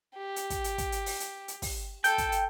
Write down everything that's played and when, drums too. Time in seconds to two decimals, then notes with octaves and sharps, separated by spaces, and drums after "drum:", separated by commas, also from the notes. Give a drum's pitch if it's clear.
0.16 G4
0.36 drum: hi-hat
0.50 drum: kick, hi-hat
0.64 drum: hi-hat
0.78 drum: kick, hi-hat
0.92 drum: hi-hat
1.06 drum: open hi-hat
1.20 drum: hi-hat
1.48 drum: hi-hat
1.62 drum: kick, open hi-hat
2.04 A4 G5 G6, drum: hi-hat
2.18 drum: kick, hi-hat
2.32 drum: hi-hat